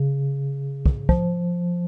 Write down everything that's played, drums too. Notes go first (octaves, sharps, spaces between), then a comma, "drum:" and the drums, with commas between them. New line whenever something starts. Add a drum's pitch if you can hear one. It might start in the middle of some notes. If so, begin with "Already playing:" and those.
Already playing: C#3
drum: kick
F3, drum: kick